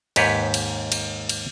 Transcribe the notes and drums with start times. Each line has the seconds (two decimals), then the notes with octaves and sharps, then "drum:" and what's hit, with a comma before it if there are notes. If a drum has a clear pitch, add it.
0.16 D#2 G#2 G4 B4 C#5, drum: cymbal
0.54 drum: cymbal
0.92 drum: cymbal
1.29 drum: cymbal